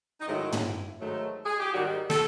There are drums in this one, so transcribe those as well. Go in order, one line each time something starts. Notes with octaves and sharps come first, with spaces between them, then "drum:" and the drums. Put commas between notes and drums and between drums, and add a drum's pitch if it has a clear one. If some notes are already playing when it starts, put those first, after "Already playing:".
D#4
G#2 D#3 F#3 A3 E4
drum: tom
G#2 D#3 F#3 A3
G#4
G4
G#2 D#3 G3 F#4
A4, drum: snare